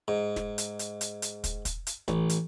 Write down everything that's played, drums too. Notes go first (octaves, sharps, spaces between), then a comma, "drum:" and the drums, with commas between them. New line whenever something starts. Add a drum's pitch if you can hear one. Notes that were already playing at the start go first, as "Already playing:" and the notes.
G#2
drum: snare
drum: hi-hat
drum: hi-hat
drum: hi-hat
drum: hi-hat
drum: kick, hi-hat
drum: kick, hi-hat
drum: hi-hat
A1, drum: snare
drum: hi-hat